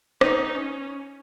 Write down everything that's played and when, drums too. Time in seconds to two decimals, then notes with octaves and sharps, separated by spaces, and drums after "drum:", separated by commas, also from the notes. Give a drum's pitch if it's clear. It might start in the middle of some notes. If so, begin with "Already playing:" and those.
0.21 D#4, drum: rim click
0.55 C#4